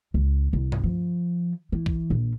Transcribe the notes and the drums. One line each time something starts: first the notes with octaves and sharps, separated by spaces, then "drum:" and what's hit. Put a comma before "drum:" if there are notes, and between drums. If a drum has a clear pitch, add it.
C#2
C2
drum: tom G2
F3
E3
drum: kick
A#1